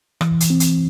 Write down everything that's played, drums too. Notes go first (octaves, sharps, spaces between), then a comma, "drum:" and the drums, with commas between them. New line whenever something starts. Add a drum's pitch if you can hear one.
E3, drum: rim click
drum: hi-hat
C4
drum: hi-hat